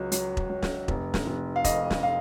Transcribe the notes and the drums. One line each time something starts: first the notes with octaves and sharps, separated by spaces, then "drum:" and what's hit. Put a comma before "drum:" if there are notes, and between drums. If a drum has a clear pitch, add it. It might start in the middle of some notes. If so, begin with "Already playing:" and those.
Already playing: C#2 F#3
F#3, drum: hi-hat
drum: kick E1
F#3
drum: snare
F1, drum: kick E1
drum: snare
F1
F5
F2 D#5, drum: kick E1, hi-hat
drum: snare
F5